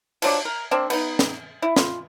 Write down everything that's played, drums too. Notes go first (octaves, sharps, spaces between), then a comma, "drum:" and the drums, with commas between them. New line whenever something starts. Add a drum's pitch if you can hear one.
F3 F#3 D4, drum: cymbal
A#4
A#3 C4 D4
B3 D#4, drum: cymbal
drum: snare
E4
F4, drum: snare